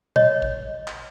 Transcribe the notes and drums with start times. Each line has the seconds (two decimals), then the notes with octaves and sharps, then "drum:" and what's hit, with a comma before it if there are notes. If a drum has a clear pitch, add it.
0.16 C#5 D#5, drum: tom A#2
0.42 drum: kick A1
0.87 drum: clap